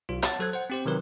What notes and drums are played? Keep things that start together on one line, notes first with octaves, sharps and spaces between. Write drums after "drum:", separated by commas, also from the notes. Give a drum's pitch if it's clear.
B1 F4
C#5 F#5 A5 A6, drum: hi-hat
F#3 A4 C5 F#6 G#6
C5 F#5
C4 G4 C5
C3 D#3 F#3 A#4 B4